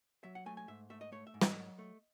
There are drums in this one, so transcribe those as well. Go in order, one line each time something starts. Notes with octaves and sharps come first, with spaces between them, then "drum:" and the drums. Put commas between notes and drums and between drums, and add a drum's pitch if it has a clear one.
F#3 E5
F#5
A3 G#5
G#5
G#2 E5
A3 E5
D#5
A3 C#5
E5
G#2
D#5, drum: snare
F#3
A3